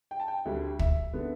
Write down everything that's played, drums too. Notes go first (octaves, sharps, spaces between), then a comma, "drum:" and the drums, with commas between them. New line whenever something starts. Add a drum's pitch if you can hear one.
G5
A5
G5
D2 D3 G3
E5, drum: kick
D3 B3